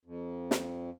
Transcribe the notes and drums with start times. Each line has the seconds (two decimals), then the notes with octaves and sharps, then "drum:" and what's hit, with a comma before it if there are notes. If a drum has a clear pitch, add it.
0.05 F2
0.51 drum: snare